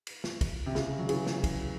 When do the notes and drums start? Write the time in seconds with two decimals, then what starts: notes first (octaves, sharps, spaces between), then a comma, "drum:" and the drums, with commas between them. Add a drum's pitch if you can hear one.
0.07 drum: cymbal
0.24 drum: snare
0.41 drum: kick, cymbal
0.66 C3
0.75 C#3, drum: snare
0.99 F#3
1.09 C#3 E3, drum: cymbal
1.27 drum: snare
1.44 drum: kick, cymbal